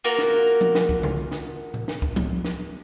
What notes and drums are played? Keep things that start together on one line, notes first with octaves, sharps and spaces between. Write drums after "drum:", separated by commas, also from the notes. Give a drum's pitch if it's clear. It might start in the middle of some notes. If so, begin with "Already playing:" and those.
A#3 F4 F#4 A#4
drum: snare
drum: tambourine
drum: tom F3
drum: snare
drum: kick C#2
drum: tom C#3
drum: snare
drum: tom A2
drum: snare
drum: kick C#2
drum: tom F3
drum: snare